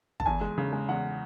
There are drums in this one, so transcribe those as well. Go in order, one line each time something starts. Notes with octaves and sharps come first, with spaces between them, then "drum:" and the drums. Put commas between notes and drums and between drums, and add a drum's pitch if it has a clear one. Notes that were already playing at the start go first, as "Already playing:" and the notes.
A5, drum: kick
E2 G#5
G#3
C#3
G#3
E2 F#5